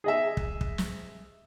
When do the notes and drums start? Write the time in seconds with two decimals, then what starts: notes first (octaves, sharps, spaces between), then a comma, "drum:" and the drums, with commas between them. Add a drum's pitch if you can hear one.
0.04 G#4 D#5 E5
0.37 drum: kick
0.61 drum: kick
0.78 drum: snare